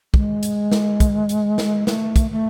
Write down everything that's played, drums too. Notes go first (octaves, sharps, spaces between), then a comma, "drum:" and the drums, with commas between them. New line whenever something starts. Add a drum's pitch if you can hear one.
G#3, drum: kick
drum: hi-hat
drum: snare
drum: kick, hi-hat
drum: hi-hat
drum: snare
A3, drum: snare
drum: kick, hi-hat
A3